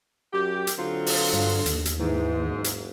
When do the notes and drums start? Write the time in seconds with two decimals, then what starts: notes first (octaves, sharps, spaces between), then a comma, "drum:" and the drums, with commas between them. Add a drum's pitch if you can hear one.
0.33 F#2 G4
0.67 drum: hi-hat
0.78 D3 F#3 C4 F4
1.06 drum: open hi-hat
1.33 G2
1.66 D#2, drum: hi-hat
1.85 drum: hi-hat
1.99 G#2 E3
2.48 F#1
2.64 drum: hi-hat